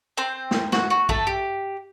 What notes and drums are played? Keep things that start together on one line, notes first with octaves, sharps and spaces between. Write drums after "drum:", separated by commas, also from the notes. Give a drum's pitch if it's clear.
C4 C5
drum: snare
F#4, drum: snare
F#4
A3 A4, drum: kick A1
G4